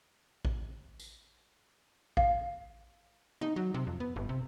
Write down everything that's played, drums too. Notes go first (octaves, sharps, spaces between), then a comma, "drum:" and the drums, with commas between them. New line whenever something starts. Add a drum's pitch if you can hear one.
drum: kick A1
drum: tambourine
F5, drum: kick A1
D#4, drum: tom
F#3
C3
F2
B3
G1
C3